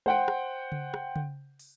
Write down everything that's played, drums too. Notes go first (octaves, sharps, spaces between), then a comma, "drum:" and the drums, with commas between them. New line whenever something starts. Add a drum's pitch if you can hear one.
C5 F#5 G5, drum: tom G#3
drum: rim click
drum: tom C#3
drum: rim click
drum: tom C#3
drum: open hi-hat